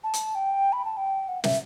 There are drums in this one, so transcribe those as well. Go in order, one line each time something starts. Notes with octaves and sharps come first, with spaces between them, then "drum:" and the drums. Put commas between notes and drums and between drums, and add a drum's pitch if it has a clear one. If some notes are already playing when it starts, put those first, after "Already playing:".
A5
drum: hi-hat
G5
B5
A5
G5
F#5
E5, drum: snare